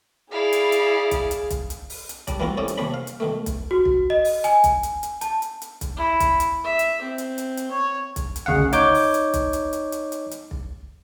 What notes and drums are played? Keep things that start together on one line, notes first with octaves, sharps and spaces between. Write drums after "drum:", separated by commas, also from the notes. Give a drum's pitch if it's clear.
E4 G#4 D5 F5
drum: hi-hat
drum: hi-hat
drum: kick B1, hi-hat
drum: hi-hat
drum: kick B1, hi-hat
drum: hi-hat
drum: open hi-hat
drum: hi-hat
G3 D4, drum: kick B1, hi-hat
E3 G3 A#3 C4 F4 F#4
F2 G3 C#4 E4 D5 D#6
drum: hi-hat
D#2 C3 D4 G#4 C#5 B5
F5
drum: hi-hat
B2 D#3 A3
drum: kick B1, hi-hat
F#4
drum: kick B1
D#5
drum: open hi-hat
G#5, drum: hi-hat
drum: kick B1, hi-hat
drum: hi-hat
drum: hi-hat
A5, drum: hi-hat
drum: hi-hat
drum: hi-hat
drum: kick B1, hi-hat
E4
drum: kick B1, hi-hat
drum: hi-hat
E5
drum: hi-hat
C4
drum: hi-hat
drum: hi-hat
drum: hi-hat
C#5
drum: kick B1, hi-hat
drum: hi-hat
D2 C#3 F5 F#5
drum: kick B1
D#4 C#5 D6 G6, drum: hi-hat
drum: open hi-hat
drum: hi-hat
drum: kick B1, hi-hat
drum: hi-hat
drum: hi-hat
drum: hi-hat
drum: hi-hat
drum: hi-hat
drum: kick B1